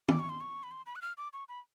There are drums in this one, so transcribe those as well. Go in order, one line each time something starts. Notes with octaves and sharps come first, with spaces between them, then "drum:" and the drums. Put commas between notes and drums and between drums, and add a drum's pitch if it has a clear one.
D6, drum: tom
C#6
C6
C#6
B5
C6
B5
F#6
F6
D6
C#6
B5